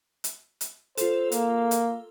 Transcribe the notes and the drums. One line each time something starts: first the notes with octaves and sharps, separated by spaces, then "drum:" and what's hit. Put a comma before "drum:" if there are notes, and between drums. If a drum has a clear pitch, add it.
drum: hi-hat
drum: hi-hat
F4 A4 C5, drum: hi-hat
A#3, drum: hi-hat
drum: hi-hat